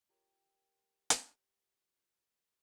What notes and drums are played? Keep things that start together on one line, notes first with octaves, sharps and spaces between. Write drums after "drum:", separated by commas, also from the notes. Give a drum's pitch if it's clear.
F4 G4 A#4 C#5
drum: hi-hat